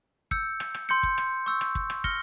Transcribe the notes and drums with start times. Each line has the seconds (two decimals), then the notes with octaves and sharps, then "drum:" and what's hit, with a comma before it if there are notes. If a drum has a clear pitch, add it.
0.31 E6 G6 C#7, drum: kick
0.60 drum: rim click
0.74 drum: rim click
0.89 C6 G6 C#7
1.03 drum: kick
1.18 drum: rim click
1.46 C#6 E6 G6
1.61 drum: rim click
1.75 drum: kick
1.90 drum: rim click
2.04 F6 A#6 C#7 G7, drum: kick